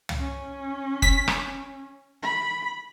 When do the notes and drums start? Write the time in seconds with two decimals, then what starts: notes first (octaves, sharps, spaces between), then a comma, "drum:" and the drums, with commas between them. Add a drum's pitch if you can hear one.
0.09 drum: tom
0.19 C#4
1.02 B6, drum: kick F#1
1.28 drum: rim click
2.22 B5